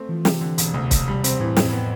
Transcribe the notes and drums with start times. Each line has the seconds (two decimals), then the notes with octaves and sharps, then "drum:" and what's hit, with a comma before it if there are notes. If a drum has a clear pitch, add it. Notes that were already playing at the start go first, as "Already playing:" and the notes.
Already playing: A3 C4
0.09 E3 F3
0.25 C3, drum: snare
0.41 D3
0.58 E1, drum: hi-hat
0.74 D2 C3
0.91 E1, drum: kick, hi-hat
1.08 G3
1.24 C4, drum: hi-hat
1.40 A2 E3
1.57 F2, drum: snare
1.73 B3